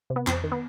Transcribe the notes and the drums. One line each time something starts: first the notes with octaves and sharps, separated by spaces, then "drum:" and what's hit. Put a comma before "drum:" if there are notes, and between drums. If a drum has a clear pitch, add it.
C3
B3
F2 C4, drum: clap
D#3
B3